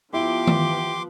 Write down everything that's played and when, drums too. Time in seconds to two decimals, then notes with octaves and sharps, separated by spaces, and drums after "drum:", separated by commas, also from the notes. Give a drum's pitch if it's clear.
0.13 F3 B3 E4 G4 C6 D6
0.47 drum: tom D#3